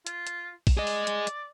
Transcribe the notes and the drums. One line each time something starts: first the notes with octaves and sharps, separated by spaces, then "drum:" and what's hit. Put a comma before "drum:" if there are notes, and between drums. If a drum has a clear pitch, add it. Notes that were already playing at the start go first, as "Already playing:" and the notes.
F4, drum: hi-hat
drum: hi-hat
drum: kick A#1, open hi-hat
G#4 D5 D#5
drum: open hi-hat
drum: hi-hat
drum: hi-hat